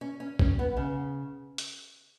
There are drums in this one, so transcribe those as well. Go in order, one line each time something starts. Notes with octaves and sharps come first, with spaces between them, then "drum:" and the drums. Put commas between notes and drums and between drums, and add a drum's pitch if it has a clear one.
C#4
C#4
C#4, drum: kick
B3
C#3
drum: hi-hat